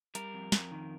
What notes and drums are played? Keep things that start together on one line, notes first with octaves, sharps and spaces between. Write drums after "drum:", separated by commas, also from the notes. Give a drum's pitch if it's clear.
G3 A#4, drum: hi-hat
F2
F2, drum: snare
D#3